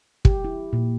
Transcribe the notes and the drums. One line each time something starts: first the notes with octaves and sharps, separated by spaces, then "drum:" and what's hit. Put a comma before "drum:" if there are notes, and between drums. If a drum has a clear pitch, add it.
G4, drum: kick
E4
A#2